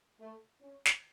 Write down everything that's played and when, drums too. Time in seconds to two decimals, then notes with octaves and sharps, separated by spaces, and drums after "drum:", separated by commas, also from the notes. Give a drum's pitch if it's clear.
0.20 A3
0.61 C#4
0.85 drum: snare